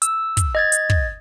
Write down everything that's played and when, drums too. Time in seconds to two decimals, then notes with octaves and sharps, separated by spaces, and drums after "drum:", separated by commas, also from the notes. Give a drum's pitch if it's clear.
0.02 E6, drum: hi-hat
0.37 drum: kick, hi-hat
0.55 D#5 G#6 A6
0.72 drum: hi-hat
0.90 drum: kick